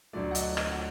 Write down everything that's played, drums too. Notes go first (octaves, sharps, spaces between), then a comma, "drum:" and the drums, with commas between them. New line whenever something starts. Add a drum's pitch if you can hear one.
D2 D3 F#3 A3 D5
F#5
D#5, drum: hi-hat
D#5, drum: rim click
F#5